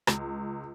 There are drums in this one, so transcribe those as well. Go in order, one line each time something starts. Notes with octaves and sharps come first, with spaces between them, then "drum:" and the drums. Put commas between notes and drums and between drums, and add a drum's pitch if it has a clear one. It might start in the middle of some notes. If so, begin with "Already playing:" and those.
C#2, drum: rim click